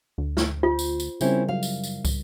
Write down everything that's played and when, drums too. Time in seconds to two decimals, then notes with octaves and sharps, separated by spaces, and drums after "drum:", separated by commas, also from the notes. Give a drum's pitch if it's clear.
0.18 D2
0.37 drum: snare
0.63 F4 C5
0.79 drum: tambourine
1.00 drum: tambourine
1.21 C#3 G3 C4 C#4 E4 A#4, drum: tambourine
1.48 F#2 F5
1.63 drum: tambourine
1.84 drum: tambourine
2.05 drum: kick, tambourine